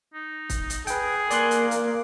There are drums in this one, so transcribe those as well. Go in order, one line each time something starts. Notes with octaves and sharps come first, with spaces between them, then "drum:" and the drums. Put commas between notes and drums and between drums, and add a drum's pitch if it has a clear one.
D#4
drum: kick, hi-hat
drum: hi-hat
G#4 B4 G5, drum: hi-hat
A#3 A#4 D5 C6 D6 F#6, drum: hi-hat
drum: hi-hat
drum: hi-hat